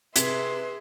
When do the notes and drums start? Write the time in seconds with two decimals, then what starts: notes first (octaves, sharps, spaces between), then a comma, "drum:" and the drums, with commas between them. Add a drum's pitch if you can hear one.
0.16 C3 G#4 B4 E5 C6 G#6 B6, drum: hi-hat